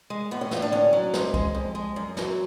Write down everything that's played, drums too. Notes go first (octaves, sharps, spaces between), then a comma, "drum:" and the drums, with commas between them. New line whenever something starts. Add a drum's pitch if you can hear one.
G#3
A2 B3
C#4
A2 F4, drum: snare
D4
D2 C#4
F#3
G#2, drum: snare
G#3, drum: kick C2
F2
G#3
F#2
F#3, drum: snare